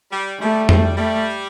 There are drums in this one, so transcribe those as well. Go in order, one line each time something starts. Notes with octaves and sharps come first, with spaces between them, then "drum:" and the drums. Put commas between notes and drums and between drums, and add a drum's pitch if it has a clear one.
G3
G3 A3
G3, drum: tom F2
G3 A3